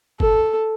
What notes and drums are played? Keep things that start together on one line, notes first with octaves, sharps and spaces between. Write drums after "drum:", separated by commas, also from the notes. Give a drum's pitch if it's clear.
A4, drum: kick F#1